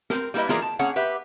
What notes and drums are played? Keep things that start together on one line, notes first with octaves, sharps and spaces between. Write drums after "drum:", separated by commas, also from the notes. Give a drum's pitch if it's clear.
C4 A#4, drum: snare
G3 A#3 E4 B4 D#5
E3 A#3 F4 G#4 A#4 D5, drum: snare
A5
A#3 C#4 G#4 C#5 F#5
G4 B4 E5